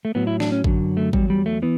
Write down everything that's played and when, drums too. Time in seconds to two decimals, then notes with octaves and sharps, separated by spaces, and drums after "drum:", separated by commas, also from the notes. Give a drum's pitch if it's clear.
0.05 A3
0.15 A2 F#3 B3
0.27 E4
0.40 D4, drum: snare
0.52 C#4
0.64 F#2 D3 F#3, drum: kick G#1
0.97 A3
1.13 E2 B2 F#3 G3, drum: kick G#1
1.30 G3
1.46 A3
1.62 E3 B3